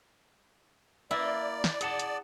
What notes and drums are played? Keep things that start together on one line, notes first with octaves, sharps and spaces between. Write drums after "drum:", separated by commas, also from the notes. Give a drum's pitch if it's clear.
A#3 E4 D5
drum: snare
G#4 F#5 A5, drum: hi-hat
drum: hi-hat